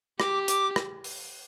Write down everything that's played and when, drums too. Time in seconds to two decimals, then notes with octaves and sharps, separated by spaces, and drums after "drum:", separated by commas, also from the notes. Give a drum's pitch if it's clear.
0.20 G4 D6, drum: rim click
0.48 D6, drum: hi-hat
0.76 drum: rim click
1.04 drum: open hi-hat